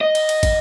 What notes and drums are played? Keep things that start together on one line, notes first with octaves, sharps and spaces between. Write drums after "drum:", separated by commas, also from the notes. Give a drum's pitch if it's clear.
D#5
drum: cymbal
drum: cymbal
drum: kick, cymbal